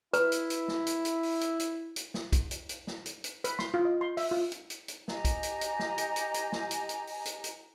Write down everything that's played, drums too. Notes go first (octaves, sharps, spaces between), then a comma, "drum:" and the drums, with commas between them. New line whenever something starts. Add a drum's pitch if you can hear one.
E4 B4, drum: hi-hat
drum: hi-hat
drum: hi-hat
drum: snare
drum: hi-hat
drum: hi-hat
drum: open hi-hat
drum: hi-hat
drum: hi-hat
drum: hi-hat
drum: snare
drum: kick B1, hi-hat
drum: hi-hat
drum: hi-hat
drum: snare
drum: hi-hat
drum: hi-hat
B4, drum: hi-hat
C6, drum: snare
F4
D#5
C6
E5, drum: open hi-hat
F4
drum: hi-hat
drum: hi-hat
drum: hi-hat
G4 D#5 G#5 A#5, drum: snare
drum: kick B1, hi-hat
drum: hi-hat
drum: hi-hat
drum: snare
drum: hi-hat
drum: hi-hat
drum: hi-hat
drum: snare
drum: hi-hat
drum: hi-hat
drum: open hi-hat
drum: hi-hat
drum: hi-hat